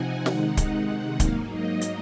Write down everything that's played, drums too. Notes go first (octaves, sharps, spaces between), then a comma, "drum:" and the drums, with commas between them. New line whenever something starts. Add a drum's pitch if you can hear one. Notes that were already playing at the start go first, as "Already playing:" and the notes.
Already playing: C3 F3 C4 D#4 F#5 G#5
C3 D#3 G#3 D#4 F#5, drum: snare
drum: kick, hi-hat
G#2 F#3 A#3 D#4 F5, drum: kick, hi-hat
D#5
drum: hi-hat